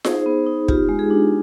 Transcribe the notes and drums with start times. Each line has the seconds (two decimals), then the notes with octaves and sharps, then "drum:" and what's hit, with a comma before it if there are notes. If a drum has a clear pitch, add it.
0.05 D#4 G#4 C5, drum: snare F4
0.26 B3
0.47 D#4
0.68 F4 G4, drum: kick
0.89 G#3
0.99 G#4
1.10 D4